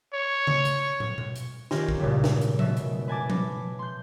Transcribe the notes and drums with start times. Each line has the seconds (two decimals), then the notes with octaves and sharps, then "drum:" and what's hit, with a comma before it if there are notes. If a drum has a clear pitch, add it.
0.14 C#5
0.47 drum: tom C#3
0.65 drum: hi-hat
1.00 drum: tom
1.18 drum: tom B2
1.36 drum: hi-hat
1.71 D#3 C#4 F4 G4 A#4, drum: snare
1.89 drum: kick
1.99 G#1 G2 A#2 C#3 G3
2.24 drum: snare
2.41 drum: hi-hat
2.59 B2 E5, drum: tom F3
2.77 drum: hi-hat
3.08 B4 G#5 A5 D6
3.30 drum: tom F3
3.79 C6 G6